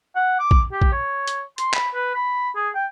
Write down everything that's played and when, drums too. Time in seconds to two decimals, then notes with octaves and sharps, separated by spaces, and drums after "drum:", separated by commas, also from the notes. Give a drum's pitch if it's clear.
0.16 F#5
0.40 D6
0.51 drum: kick A#1
0.72 G4
0.82 drum: kick A#1
0.92 C#5
1.28 drum: hi-hat
1.58 C6, drum: hi-hat
1.74 B5, drum: clap
1.94 B4
2.15 B5
2.56 G#4
2.75 G5